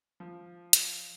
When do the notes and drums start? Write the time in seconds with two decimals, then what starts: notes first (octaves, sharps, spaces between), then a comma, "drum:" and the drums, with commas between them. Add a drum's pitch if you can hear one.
0.20 F3
0.73 drum: hi-hat